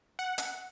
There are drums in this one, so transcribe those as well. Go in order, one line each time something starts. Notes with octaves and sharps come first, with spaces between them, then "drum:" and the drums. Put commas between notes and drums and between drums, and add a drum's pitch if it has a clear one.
F#5
drum: hi-hat